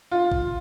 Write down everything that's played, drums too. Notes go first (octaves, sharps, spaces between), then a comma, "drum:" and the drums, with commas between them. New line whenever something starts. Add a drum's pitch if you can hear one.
F4
drum: kick